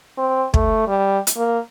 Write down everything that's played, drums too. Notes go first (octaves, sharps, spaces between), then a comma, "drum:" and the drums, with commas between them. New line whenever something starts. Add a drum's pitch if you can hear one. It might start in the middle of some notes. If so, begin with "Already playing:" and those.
C4
A3, drum: kick
G3
drum: hi-hat
A#3